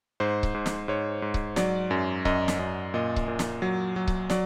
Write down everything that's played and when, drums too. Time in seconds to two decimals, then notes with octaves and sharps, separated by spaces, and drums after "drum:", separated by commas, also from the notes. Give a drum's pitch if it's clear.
0.20 G#2 C5
0.43 drum: kick C#1
0.54 G#2
0.66 drum: snare
0.88 G#2 C#5
1.22 G#2
1.34 drum: kick C#1
1.56 F#3 D5, drum: snare
1.91 F#2
2.25 F#2 D#5, drum: kick C#1
2.48 drum: snare
2.59 F#2
2.94 A#2 D#5
3.16 drum: kick C#1
3.28 A#2
3.39 drum: snare
3.62 F#3
3.96 F#3
4.08 drum: kick C#1
4.30 F#3 D5, drum: snare